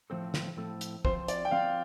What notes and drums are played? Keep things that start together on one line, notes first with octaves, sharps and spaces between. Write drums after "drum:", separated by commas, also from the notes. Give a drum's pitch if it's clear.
A2 F3 C4 A4
drum: snare
A2 F3 C4 A4
drum: hi-hat
F3 C4 F4 C5, drum: kick
D5, drum: hi-hat
G5
F3 C4 F4 F5